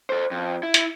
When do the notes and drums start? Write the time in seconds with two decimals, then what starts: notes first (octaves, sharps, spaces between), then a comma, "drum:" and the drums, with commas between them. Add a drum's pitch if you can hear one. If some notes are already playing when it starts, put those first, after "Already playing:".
0.10 A4 C5
0.31 F2
0.63 E4
0.74 drum: hi-hat